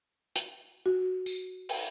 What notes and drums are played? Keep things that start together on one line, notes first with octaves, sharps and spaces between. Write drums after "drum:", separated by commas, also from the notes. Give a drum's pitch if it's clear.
drum: hi-hat
F#4
drum: tambourine
drum: open hi-hat